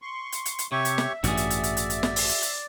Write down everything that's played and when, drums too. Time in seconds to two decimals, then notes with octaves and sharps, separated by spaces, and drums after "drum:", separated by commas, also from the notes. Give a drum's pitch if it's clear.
0.02 C6 C#6
0.32 drum: hi-hat
0.45 drum: hi-hat
0.59 drum: hi-hat
0.72 C3 G4 C#5 E5 C#6
0.85 drum: hi-hat
0.98 drum: snare
1.24 A1 G2 F#4 G#4 D5, drum: hi-hat
1.37 drum: hi-hat
1.50 drum: hi-hat
1.64 drum: hi-hat
1.77 drum: hi-hat
1.90 drum: hi-hat
2.03 drum: snare
2.16 drum: open hi-hat
2.29 drum: hi-hat
2.42 drum: hi-hat